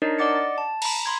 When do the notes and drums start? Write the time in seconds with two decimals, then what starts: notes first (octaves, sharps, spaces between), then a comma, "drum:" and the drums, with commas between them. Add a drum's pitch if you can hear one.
0.02 D4 D#4 A#4 C#5 D#5
0.18 D5 D#5 F#5 D6 A6 C#7
0.58 A5
0.82 A#5 B5, drum: cymbal
1.06 B5 C6 G#6